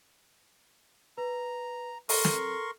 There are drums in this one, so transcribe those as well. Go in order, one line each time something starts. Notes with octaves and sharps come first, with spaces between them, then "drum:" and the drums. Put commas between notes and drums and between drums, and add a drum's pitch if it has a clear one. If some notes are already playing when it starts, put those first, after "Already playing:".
B4 A#5
A4 A#4 C6 C#6, drum: open hi-hat
drum: snare